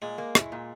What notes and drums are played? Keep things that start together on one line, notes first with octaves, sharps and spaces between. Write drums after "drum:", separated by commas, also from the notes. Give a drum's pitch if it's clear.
A#2 G#3
A#3
E4, drum: rim click
A#2